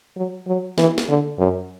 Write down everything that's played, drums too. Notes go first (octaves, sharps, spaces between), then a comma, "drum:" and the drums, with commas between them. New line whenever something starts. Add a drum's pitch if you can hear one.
F#3
F#3
E3, drum: snare
drum: snare
D3
F#2